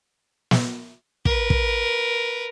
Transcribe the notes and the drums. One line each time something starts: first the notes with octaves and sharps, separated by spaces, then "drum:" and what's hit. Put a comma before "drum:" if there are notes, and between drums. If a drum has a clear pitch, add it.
drum: snare
A#4 B4, drum: kick
drum: kick